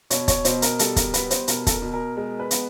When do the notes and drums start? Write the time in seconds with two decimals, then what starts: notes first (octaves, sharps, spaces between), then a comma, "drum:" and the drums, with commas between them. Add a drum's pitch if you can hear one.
0.10 B2 C#5, drum: hi-hat
0.28 C#5, drum: kick, hi-hat
0.45 B2 C5, drum: hi-hat
0.62 A#4, drum: hi-hat
0.79 G3 A4, drum: hi-hat
0.96 A#4, drum: kick, hi-hat
1.14 B3 B4, drum: hi-hat
1.31 C5, drum: hi-hat
1.48 B2 A#4, drum: hi-hat
1.67 A4, drum: kick, hi-hat
1.71 A#4
1.82 B2
1.94 A#4
2.17 G#3 A#4
2.40 B4
2.51 B3, drum: hi-hat